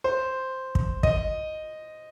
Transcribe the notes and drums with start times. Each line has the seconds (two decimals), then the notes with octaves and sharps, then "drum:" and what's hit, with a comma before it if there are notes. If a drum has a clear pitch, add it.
0.04 C5
0.75 drum: kick
1.03 D#5, drum: kick